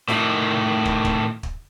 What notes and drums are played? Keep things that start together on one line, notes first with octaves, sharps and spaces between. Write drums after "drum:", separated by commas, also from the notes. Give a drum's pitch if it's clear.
A2 D#3, drum: snare F4
drum: kick
drum: kick
drum: kick